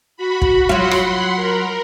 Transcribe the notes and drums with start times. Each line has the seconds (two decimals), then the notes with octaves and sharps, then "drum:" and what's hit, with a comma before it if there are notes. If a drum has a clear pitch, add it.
0.17 F#4 B5
0.42 drum: kick
0.69 F#3 F4 F#5 B5 C6
0.91 drum: rim click
1.36 A#4